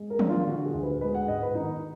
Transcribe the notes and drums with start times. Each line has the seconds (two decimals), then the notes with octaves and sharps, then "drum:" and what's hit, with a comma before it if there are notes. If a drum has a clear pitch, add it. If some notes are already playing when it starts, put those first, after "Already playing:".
Already playing: G#3
0.10 A#4
0.19 D4, drum: tom
0.29 F4
0.47 D3 F#4
0.65 G#4
0.74 D2
0.83 B4
1.01 G#3 B4
1.14 F#5
1.28 G#2 D#5
1.43 B4
1.55 D#3 D#4